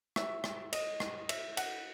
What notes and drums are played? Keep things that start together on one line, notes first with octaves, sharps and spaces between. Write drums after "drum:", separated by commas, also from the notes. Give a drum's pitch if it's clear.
E5, drum: rim click
drum: rim click
D#5, drum: cymbal
drum: rim click
E5, drum: cymbal
F#5, drum: cymbal